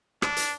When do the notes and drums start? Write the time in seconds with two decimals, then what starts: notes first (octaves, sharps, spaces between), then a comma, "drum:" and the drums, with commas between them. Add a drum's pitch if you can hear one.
0.22 D4, drum: rim click
0.37 drum: hi-hat